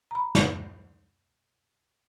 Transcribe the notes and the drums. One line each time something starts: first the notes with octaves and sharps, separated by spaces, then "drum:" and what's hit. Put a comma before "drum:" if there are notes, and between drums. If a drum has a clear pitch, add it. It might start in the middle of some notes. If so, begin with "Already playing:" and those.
A#5 B5
drum: snare